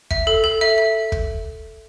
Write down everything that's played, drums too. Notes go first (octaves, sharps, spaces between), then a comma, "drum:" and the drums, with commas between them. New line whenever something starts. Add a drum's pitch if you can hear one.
E5, drum: kick
A4
A4
E5
E5
drum: kick